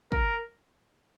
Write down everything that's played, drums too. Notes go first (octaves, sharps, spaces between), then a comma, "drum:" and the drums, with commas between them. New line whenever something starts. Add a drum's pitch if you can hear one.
A#4, drum: kick